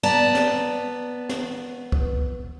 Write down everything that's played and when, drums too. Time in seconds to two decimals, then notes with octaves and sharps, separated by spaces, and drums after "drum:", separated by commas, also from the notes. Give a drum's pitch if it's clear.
0.03 B3 D5 A5 A#5
0.35 drum: snare
1.29 drum: snare
1.92 drum: kick